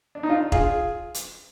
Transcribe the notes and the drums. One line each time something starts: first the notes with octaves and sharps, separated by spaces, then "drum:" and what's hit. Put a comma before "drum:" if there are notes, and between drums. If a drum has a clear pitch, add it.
D4
D#4
D4 F4
F4 G#4, drum: kick E1
drum: hi-hat